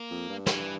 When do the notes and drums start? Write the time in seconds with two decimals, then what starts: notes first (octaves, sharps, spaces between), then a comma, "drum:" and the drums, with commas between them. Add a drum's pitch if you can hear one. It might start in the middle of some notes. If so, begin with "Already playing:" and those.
Already playing: A#3
0.11 F2
0.29 G2
0.46 E3, drum: snare